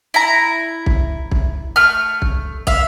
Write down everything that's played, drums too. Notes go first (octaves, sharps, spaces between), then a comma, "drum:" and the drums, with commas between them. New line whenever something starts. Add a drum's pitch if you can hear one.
E4 A#5
drum: kick
drum: kick
A3 F6
drum: kick
E5 F5, drum: kick